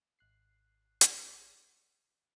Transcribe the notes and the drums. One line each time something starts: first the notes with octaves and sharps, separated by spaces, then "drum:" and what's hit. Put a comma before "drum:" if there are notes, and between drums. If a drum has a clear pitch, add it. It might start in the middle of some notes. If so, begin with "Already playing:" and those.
G#1 F#6 C7
drum: hi-hat